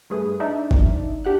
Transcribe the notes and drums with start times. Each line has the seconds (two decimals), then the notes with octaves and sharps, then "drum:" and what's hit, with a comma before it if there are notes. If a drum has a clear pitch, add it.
0.10 G2 A3 G#4 B4 D#6
0.40 D4 D#4 D5 E5
0.71 drum: kick G1
1.25 D4 G4 F#5 F#6